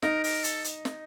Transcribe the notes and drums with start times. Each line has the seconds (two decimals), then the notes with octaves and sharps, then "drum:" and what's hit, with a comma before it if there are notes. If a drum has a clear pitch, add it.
0.02 D#4 A#4, drum: snare
0.24 A#4, drum: open hi-hat
0.44 A4, drum: hi-hat
0.64 drum: hi-hat
0.85 drum: snare